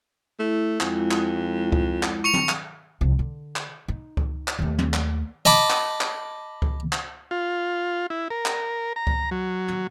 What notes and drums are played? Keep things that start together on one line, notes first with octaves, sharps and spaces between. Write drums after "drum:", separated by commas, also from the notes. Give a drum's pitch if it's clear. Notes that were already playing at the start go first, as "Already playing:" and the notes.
A3 E4
F2 G#3 E4 F4, drum: clap
drum: clap
drum: kick C#2
drum: clap
C#6 C#7 F7
drum: tom
drum: clap
C2 F3
D3
drum: clap
D#4
drum: kick C#2
drum: clap
D#2 A3
drum: tom
drum: clap
D#5 A5 B5 D6
drum: clap
drum: clap
drum: kick C#2
drum: clap
F4
E4
A#4
drum: clap
A#5
drum: kick C#2
F#3
drum: tom